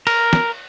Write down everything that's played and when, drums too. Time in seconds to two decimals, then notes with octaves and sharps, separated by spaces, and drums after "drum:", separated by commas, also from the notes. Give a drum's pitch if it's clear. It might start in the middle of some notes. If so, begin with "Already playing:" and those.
0.07 A#4, drum: cymbal
0.33 drum: snare